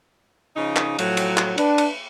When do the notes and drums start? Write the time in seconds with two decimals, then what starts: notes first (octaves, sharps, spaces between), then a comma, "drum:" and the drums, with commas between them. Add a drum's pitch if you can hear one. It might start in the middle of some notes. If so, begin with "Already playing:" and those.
0.56 C#3 F3 D#4
0.76 drum: clap
0.99 A2 F3 F#3, drum: cymbal
1.17 drum: cymbal
1.37 drum: clap
1.58 D4 B4, drum: cymbal
1.78 drum: cymbal